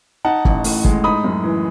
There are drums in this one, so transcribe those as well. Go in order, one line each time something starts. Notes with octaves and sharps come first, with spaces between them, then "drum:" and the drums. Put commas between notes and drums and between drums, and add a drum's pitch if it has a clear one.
D#4 F#5 A5
A1, drum: kick
A2, drum: open hi-hat
G#3, drum: kick
D#4 B5 D#6
F#2
E3